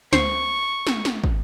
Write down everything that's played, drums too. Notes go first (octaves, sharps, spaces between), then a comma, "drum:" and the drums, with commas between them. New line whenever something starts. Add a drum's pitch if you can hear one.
D2 C5 C#6 C7, drum: snare
drum: snare
drum: snare
drum: kick